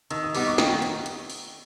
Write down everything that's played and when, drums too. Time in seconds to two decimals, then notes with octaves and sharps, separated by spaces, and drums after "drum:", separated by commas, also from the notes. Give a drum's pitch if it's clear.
0.11 D#3 E6, drum: hi-hat
0.23 D#6
0.35 G3 B3 D#4 D6, drum: open hi-hat
0.47 C#6
0.58 D#3 G5, drum: snare
0.82 drum: hi-hat
1.06 drum: hi-hat
1.30 drum: open hi-hat